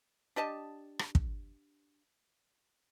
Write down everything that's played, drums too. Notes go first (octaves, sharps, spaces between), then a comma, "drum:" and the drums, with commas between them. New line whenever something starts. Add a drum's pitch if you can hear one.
D4 G4 D#5 A5
drum: rim click
drum: kick